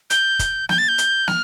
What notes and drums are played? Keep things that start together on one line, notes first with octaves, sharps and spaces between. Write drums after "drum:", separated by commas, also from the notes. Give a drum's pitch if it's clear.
G6, drum: hi-hat
drum: kick, hi-hat
G6, drum: snare
A6
G6
drum: hi-hat
F6, drum: snare